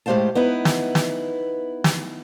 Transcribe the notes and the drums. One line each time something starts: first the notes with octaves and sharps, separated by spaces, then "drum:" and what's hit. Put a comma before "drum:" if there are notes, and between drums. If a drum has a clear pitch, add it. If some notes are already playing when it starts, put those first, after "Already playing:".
A2 G#3 G4 C5 F5 A5
B3 D#4 E4 B4
drum: snare
drum: snare
drum: snare